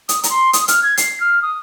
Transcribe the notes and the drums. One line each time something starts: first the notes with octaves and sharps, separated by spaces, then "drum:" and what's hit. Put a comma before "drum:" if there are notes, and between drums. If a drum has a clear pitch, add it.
D#6, drum: hi-hat
A#5, drum: hi-hat
C6
D#6, drum: hi-hat
F6, drum: hi-hat
G#6
C7, drum: hi-hat
F6
D#6